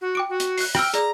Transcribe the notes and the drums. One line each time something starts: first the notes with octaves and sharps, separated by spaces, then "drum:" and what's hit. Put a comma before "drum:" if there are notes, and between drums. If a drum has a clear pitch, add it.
F#4
G5 D6 D7
F#4
drum: hi-hat
F#6 C7, drum: open hi-hat
G5 E6 F6 A#6, drum: rim click
G#4 D5 A#5, drum: hi-hat